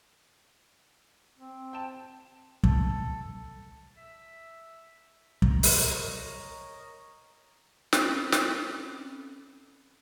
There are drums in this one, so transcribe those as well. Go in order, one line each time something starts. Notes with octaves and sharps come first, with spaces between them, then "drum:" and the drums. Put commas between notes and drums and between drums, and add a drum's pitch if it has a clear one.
C4
G5 A5 E7
A4, drum: kick
E5
A#5, drum: kick
drum: open hi-hat
A#4 C#5 D#5
C4 C#4 A4 B5, drum: snare
drum: snare